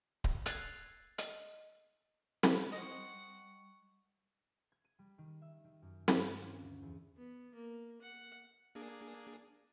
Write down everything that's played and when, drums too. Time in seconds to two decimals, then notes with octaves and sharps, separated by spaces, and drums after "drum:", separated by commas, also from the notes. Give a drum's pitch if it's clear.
0.24 drum: kick D1
0.46 E6 F#6 G#6 A6 C7 F7, drum: hi-hat
1.18 D#5, drum: hi-hat
2.43 drum: snare C4
2.72 G3 C5 D#5 F#5 C#6
4.72 G#6
4.85 D#7
4.99 G3
5.18 D#3
5.42 E5
5.64 D#3
5.82 F#2
6.08 G2, drum: snare C4
6.24 C#4
6.42 F4
6.62 D2
6.82 E2
7.17 B3
7.54 A#3
8.01 F#5
8.75 A#3 D4 G#4